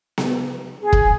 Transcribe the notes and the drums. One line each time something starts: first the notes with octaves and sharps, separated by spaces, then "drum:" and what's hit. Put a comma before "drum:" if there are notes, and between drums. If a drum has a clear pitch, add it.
drum: snare B3
G#4
drum: kick